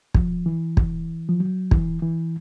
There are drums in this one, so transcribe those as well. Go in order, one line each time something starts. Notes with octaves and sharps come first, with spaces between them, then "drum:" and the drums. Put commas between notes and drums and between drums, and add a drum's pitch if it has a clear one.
F3, drum: kick
E3
drum: kick
F3
F#3
E3, drum: kick
E3